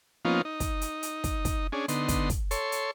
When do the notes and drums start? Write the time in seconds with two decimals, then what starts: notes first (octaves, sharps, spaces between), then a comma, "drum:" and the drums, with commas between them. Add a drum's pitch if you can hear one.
0.25 F3 A#3 B3 C#4 D#4 F4
0.45 D#4
0.60 drum: kick, hi-hat
0.81 drum: hi-hat
1.03 drum: hi-hat
1.24 drum: kick, hi-hat
1.45 drum: kick, hi-hat
1.72 C#4 D4 G#4
1.88 D3 B3 D#4 C6, drum: hi-hat
2.08 drum: kick, hi-hat
2.30 drum: kick, hi-hat
2.51 A4 C#5 C6, drum: hi-hat
2.72 drum: hi-hat